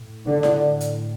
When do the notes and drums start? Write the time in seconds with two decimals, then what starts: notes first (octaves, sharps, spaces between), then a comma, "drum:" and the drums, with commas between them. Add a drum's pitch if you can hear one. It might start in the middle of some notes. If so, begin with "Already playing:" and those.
Already playing: A2
0.25 D3
0.43 drum: snare E4
0.62 A2
0.80 drum: hi-hat